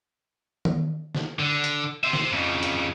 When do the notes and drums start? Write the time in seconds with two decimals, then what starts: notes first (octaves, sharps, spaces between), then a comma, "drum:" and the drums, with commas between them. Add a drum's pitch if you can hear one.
0.65 drum: tom D#3
1.15 drum: snare
1.39 D3
1.64 drum: hi-hat
2.04 C5 E5
2.13 drum: snare
2.32 F2 C#3
2.63 drum: hi-hat